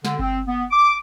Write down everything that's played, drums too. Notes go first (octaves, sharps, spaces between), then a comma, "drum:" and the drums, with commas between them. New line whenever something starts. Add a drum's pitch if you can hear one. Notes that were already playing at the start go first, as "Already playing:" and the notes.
D3, drum: snare
C4, drum: kick G1
B3
D6